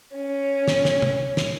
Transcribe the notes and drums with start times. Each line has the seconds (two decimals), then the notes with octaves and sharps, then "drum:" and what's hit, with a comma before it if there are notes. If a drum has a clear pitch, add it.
0.15 C#4
0.68 drum: snare
0.85 drum: snare
1.02 drum: tom
1.37 drum: snare